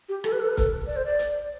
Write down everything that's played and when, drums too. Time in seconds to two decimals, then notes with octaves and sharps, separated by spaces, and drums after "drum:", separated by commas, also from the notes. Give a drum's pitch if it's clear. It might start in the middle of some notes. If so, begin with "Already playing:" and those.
0.09 G4
0.24 A4, drum: rim click
0.32 B4
0.40 A4
0.49 B4
0.57 A4, drum: kick C#1, hi-hat
0.87 D5
0.96 C5
1.05 D5
1.19 drum: hi-hat